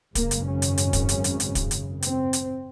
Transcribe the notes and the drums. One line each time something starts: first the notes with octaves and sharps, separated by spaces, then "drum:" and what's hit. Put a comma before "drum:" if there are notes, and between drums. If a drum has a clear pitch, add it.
G#1 F#2 C#3 A#3, drum: kick, hi-hat
drum: hi-hat
C#4
drum: hi-hat
drum: hi-hat
drum: kick, hi-hat
drum: hi-hat
drum: hi-hat
drum: hi-hat
drum: kick, hi-hat
drum: hi-hat
C4, drum: hi-hat
drum: hi-hat